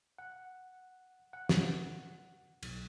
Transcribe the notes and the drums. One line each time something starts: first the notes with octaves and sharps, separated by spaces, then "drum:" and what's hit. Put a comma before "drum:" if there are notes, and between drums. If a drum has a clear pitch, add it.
F#5
F#5
drum: snare
B1, drum: cymbal